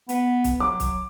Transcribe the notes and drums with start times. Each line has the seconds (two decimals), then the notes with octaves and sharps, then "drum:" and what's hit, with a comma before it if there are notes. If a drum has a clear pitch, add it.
0.09 B3, drum: hi-hat
0.44 drum: kick, hi-hat
0.60 F#3 D6
0.80 drum: kick, hi-hat